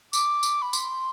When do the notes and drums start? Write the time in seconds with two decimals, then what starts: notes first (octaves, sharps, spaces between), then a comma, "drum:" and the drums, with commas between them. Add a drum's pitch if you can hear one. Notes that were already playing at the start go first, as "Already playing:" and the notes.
0.13 D6, drum: tambourine
0.43 drum: tambourine
0.62 B5
0.73 C6, drum: tambourine